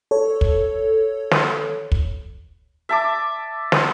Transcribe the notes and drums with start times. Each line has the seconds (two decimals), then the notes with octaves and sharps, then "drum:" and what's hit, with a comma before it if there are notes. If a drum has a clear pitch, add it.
0.11 A4 C#5
0.41 drum: kick
1.31 drum: snare
1.92 drum: kick
2.89 E5 A5 D6
3.72 drum: snare